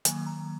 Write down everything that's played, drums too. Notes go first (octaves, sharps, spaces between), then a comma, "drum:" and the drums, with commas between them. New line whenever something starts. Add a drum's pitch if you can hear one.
D#3 F#3 A#3 G#5, drum: hi-hat
A#5